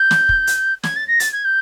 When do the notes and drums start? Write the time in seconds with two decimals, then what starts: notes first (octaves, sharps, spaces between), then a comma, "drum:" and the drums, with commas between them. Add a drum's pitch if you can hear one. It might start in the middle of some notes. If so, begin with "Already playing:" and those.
Already playing: G6
0.11 drum: snare
0.29 drum: kick
0.47 drum: hi-hat
0.83 G#6, drum: snare
0.96 A6
1.08 A#6
1.20 A6, drum: hi-hat
1.33 G#6
1.45 G6